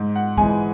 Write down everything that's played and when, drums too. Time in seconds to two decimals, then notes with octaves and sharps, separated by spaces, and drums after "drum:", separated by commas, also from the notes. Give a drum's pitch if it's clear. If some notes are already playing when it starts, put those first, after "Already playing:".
Already playing: G#2
0.15 F#5
0.37 E3 G#3 G#5, drum: kick